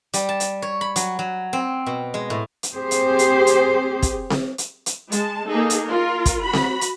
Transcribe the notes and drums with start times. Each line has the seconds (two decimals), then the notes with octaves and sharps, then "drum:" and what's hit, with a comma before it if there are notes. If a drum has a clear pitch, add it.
0.14 G3, drum: hi-hat
0.29 A5
0.40 drum: hi-hat
0.62 C#5
0.81 B5
0.96 F#3, drum: hi-hat
1.19 F#3
1.53 C4
1.86 B2
2.14 G#3
2.30 A2
2.63 drum: hi-hat
2.73 C4 G4 G#4 C5
2.91 drum: hi-hat
3.19 drum: hi-hat
3.47 drum: hi-hat
4.02 drum: kick, hi-hat
4.30 drum: snare C4
4.58 drum: hi-hat
4.86 drum: hi-hat
5.12 G#3 A5, drum: hi-hat
5.48 A#3 D#4 G#4 A4
5.70 drum: hi-hat
5.85 F4 A#4
6.26 drum: kick, hi-hat
6.43 F#4 B5
6.53 drum: snare C4
6.81 drum: hi-hat